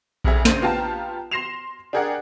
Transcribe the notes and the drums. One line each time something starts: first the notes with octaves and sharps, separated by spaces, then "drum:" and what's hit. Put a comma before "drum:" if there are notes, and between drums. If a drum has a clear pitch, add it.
F1 F2 G#4 E5, drum: kick A#1
A#1 C#3 C5 D#7, drum: snare
B3 F4 G4 F5 A5 A#5
C6 A#6 C7 E7 F7
D4 G4 G#4 A#4 D5 F#5